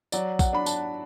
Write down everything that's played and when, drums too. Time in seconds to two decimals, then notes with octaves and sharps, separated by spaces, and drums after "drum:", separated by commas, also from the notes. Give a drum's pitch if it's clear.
0.12 F#3 D5, drum: tambourine
0.39 F#5, drum: kick, tambourine
0.53 D4 B5
0.66 A5, drum: tambourine